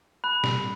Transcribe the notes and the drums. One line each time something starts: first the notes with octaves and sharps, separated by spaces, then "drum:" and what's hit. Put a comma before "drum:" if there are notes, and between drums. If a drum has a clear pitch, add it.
B5 F#6
drum: snare